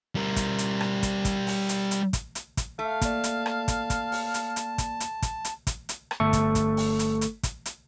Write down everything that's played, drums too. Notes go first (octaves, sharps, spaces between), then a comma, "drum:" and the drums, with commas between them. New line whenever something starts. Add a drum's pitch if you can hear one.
G3 A#4
drum: kick, hi-hat
drum: hi-hat
drum: rim click
drum: kick, hi-hat
drum: kick, hi-hat
drum: open hi-hat
drum: hi-hat
drum: hi-hat
drum: kick, hi-hat
drum: hi-hat
drum: kick, hi-hat
A3 F5
A#3 D5 A5, drum: kick, hi-hat
drum: hi-hat
drum: rim click
drum: kick, hi-hat
drum: kick, hi-hat
drum: open hi-hat
drum: hi-hat
drum: hi-hat
drum: kick, hi-hat
drum: hi-hat
drum: kick, hi-hat
drum: hi-hat
drum: kick, hi-hat
drum: hi-hat
drum: rim click
G1 A3 A4 C#6
drum: kick, hi-hat
drum: kick, hi-hat
drum: open hi-hat
drum: hi-hat
drum: hi-hat
drum: kick, hi-hat
drum: hi-hat